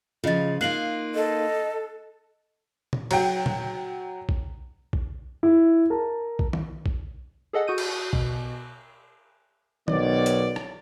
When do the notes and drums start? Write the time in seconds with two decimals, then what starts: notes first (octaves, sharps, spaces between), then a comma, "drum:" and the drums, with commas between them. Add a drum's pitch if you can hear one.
0.24 C#3 F3 F4 D#5 A6
0.61 A#3 D#4 F4 F#6 C7 F#7
1.15 A4 D#5
2.93 drum: tom A#2
3.11 F#3 G5, drum: cymbal
3.46 drum: tom A#2
4.29 drum: kick A#1
4.93 drum: kick A#1
5.43 E4
5.90 A#4 A5
6.39 drum: kick A#1
6.53 drum: tom D#3
6.86 drum: kick A#1
7.53 G#4 A4 D#5 F#5
7.67 F#4 D#6 G6 D#7
7.78 drum: cymbal
8.13 B2, drum: kick A#1
9.88 B1 D#3 B3 C#5 D5, drum: tom D#3
10.26 drum: hi-hat
10.56 drum: rim click